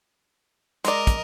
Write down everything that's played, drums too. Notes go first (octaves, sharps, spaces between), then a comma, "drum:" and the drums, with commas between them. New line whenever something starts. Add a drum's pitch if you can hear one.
G#3 A#4 D5 D#5, drum: hi-hat
drum: kick, hi-hat